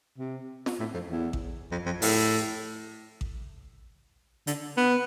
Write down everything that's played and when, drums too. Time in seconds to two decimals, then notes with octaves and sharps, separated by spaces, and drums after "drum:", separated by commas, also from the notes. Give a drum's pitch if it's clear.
0.19 C3
0.66 drum: snare
0.80 A2
0.94 F2
1.10 E2
1.33 drum: kick A1
1.72 F2
1.86 F2
2.02 A2, drum: open hi-hat
3.21 drum: kick A1
4.47 D3, drum: hi-hat
4.77 B3